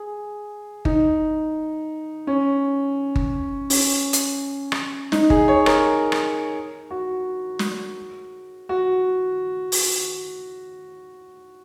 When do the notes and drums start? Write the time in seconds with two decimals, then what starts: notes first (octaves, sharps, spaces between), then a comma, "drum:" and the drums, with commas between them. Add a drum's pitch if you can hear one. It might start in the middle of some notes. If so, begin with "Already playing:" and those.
Already playing: G#4
0.85 D#4, drum: kick G1
2.27 C#4
3.16 drum: kick G1
3.70 C#4, drum: open hi-hat
4.13 drum: hi-hat
4.72 drum: rim click
5.12 D#4, drum: snare
5.30 G#4, drum: kick G1
5.48 C#5
5.66 A#4, drum: rim click
6.12 drum: rim click
6.91 F#4
7.59 drum: snare
8.69 F#4
9.72 drum: open hi-hat